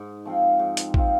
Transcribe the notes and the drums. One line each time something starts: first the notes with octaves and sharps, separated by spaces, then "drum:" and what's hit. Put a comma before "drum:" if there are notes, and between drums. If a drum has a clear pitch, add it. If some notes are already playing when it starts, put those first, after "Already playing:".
Already playing: G#2
F3 C4 F4
G#2
drum: hi-hat
F3 C4 F4, drum: kick